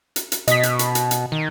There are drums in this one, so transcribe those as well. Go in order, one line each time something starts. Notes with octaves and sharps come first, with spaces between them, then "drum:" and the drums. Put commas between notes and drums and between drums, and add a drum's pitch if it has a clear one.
drum: hi-hat
drum: hi-hat
B2 D#5 B6, drum: hi-hat
drum: hi-hat
drum: hi-hat
drum: hi-hat
drum: hi-hat
D#3